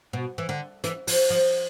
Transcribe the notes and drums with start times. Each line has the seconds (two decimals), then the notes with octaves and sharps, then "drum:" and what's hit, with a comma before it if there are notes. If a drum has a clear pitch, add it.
0.13 B2
0.38 E3
0.49 D3
0.84 E3, drum: hi-hat
1.07 F3, drum: open hi-hat
1.30 F3